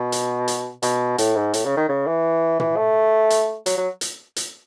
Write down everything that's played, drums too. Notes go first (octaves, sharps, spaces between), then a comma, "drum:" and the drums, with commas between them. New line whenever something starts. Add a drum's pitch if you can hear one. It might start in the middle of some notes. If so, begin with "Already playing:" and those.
Already playing: B2
drum: hi-hat
drum: hi-hat
B2, drum: hi-hat
A2, drum: hi-hat
G#2
A2, drum: hi-hat
C#3
D#3
C#3
E3
E3, drum: tom A#2
A3
drum: hi-hat
F#3, drum: hi-hat
F#3
drum: hi-hat
drum: hi-hat